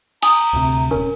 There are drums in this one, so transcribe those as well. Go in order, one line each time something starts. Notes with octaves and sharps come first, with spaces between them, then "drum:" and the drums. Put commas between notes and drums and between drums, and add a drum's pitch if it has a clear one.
G#5 A#5 D#6, drum: cymbal
D2 C3
D#1 C#4 A#4